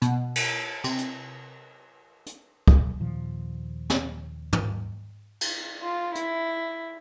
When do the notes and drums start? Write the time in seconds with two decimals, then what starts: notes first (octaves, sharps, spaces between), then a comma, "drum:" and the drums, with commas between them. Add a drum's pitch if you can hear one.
0.02 B2, drum: hi-hat
0.36 drum: cymbal
0.84 C3, drum: cymbal
0.98 drum: hi-hat
2.26 drum: hi-hat
2.68 drum: kick
3.00 D#2 A#2 D#3 F3
3.90 drum: snare
4.53 drum: tom
5.41 drum: cymbal
5.83 F4
6.15 E4, drum: hi-hat